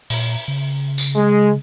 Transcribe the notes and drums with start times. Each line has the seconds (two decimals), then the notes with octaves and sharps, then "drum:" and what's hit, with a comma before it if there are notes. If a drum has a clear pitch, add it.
0.10 A#2, drum: open hi-hat
0.48 C#3
0.98 drum: tambourine
1.16 G#3